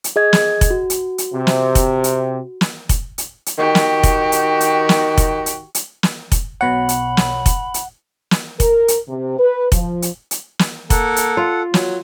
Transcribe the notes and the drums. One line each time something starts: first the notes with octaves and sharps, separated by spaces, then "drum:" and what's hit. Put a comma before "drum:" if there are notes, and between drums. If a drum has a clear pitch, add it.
drum: hi-hat
G#4 D#5 G#6
drum: snare
drum: kick F1, hi-hat
F#4
drum: hi-hat
drum: hi-hat
C3
drum: snare
drum: kick F1, hi-hat
drum: hi-hat
drum: snare
drum: kick F1, hi-hat
drum: hi-hat
drum: hi-hat
D#3 F#4 G4
drum: snare
drum: kick F1, hi-hat
drum: hi-hat
drum: hi-hat
drum: snare
drum: kick F1, hi-hat
drum: hi-hat
drum: hi-hat
drum: snare
drum: kick F1, hi-hat
B1 B2 C#5 F#5 B5
drum: hi-hat
drum: snare
drum: kick F1, hi-hat
drum: hi-hat
drum: snare
A#4, drum: kick F1, hi-hat
drum: hi-hat
C3
B4
F3, drum: kick F1, hi-hat
drum: hi-hat
drum: hi-hat
drum: snare
A#3 A4 F#5, drum: kick F1, hi-hat
drum: hi-hat
F4
F#3, drum: snare